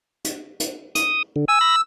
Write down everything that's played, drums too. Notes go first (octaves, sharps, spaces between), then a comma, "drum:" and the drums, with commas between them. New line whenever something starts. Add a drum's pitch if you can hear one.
drum: hi-hat
drum: hi-hat
D#6, drum: hi-hat
D3
G#5 E6
B5 A#6